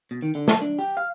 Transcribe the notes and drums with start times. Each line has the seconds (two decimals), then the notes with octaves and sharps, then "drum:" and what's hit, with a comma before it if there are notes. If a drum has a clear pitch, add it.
0.11 B2
0.22 D#3
0.35 D3
0.48 A5, drum: snare
0.61 D4
0.79 G4
0.97 F5